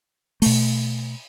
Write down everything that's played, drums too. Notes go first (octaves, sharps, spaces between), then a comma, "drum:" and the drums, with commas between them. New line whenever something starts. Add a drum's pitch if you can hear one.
B2 A3, drum: open hi-hat